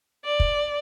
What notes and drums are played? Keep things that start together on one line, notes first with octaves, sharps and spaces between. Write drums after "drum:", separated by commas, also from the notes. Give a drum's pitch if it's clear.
D5
drum: kick